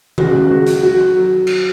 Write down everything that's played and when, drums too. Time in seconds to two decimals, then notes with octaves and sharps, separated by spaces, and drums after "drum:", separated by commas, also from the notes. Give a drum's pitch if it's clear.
0.18 C#3 F#4, drum: tom D#3
0.34 C#2
0.50 C#2 F#4
0.66 F#3, drum: hi-hat
0.83 F#3 F#4
1.00 F#3
1.17 F#3
1.47 drum: cymbal